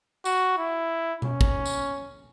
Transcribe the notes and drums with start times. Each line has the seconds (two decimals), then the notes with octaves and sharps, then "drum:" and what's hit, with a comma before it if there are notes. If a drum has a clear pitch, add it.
0.25 F#4, drum: tambourine
0.58 E4
1.22 C#4, drum: tom B2
1.41 drum: kick
1.65 drum: tambourine